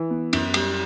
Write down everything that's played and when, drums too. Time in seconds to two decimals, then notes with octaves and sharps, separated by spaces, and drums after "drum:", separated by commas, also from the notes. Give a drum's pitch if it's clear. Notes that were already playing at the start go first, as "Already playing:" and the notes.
Already playing: E3
0.10 B3
0.33 F#2, drum: cymbal
0.54 G3, drum: cymbal